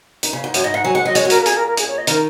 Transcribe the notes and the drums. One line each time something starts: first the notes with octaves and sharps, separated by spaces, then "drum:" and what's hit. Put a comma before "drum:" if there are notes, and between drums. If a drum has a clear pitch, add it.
D#3, drum: hi-hat
C#3
G#2
F#2 C#5, drum: hi-hat
G#2 D#5
G#2 F#5
F#3 G#5
G#3 F#5
F#3 D#5
G#3 C#5, drum: hi-hat
F#3
A#4, drum: hi-hat
A#2
A#4
G#4, drum: hi-hat
A#4
A#4
G#4, drum: hi-hat
C#5
D#5
D#3 A#4, drum: hi-hat